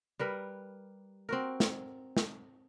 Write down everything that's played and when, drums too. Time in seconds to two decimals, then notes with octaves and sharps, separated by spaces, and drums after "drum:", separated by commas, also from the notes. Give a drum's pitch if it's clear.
0.19 G3 A#4 B4
1.29 C4 F#4 A#4
1.60 drum: snare
2.17 drum: snare